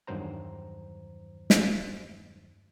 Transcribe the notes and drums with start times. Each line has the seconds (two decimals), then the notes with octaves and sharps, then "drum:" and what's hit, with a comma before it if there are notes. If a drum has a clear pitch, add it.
0.07 E2 G2 D#3 F#3 C5 A#5
1.50 drum: snare